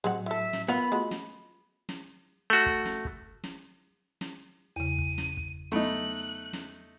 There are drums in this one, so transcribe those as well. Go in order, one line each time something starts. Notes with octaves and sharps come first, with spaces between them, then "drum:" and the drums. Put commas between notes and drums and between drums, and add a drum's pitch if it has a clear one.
A2 F#3 G#3 C4 F#5
E3 A4 E5
drum: snare
B3 F4 A#4 F5 B5
G#3 A3 F4 F#4
drum: snare
drum: snare
A3 F#4
drum: kick
drum: snare
drum: kick
drum: snare
drum: snare
E2 C#3 D#7
drum: kick
drum: snare
drum: kick
F#3 A3 B3 D#4 F#6
drum: snare